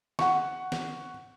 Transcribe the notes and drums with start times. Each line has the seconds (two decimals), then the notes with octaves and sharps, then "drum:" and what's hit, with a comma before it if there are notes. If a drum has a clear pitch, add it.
0.19 F#5 C#6, drum: snare
0.72 drum: snare